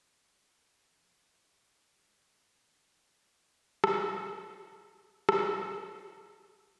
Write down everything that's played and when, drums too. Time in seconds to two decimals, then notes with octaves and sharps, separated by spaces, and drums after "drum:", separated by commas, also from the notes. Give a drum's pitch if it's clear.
0.21 G#5
0.50 A#4
0.69 G4
0.85 E3
0.99 F3
1.14 C5
1.45 G4
1.64 A#4
1.78 D#4
1.92 G4
2.06 G#3
2.18 F#4
2.46 G2 A#2 D#3
3.84 drum: rim click
5.29 drum: rim click
5.67 G4
5.99 G4
6.50 B4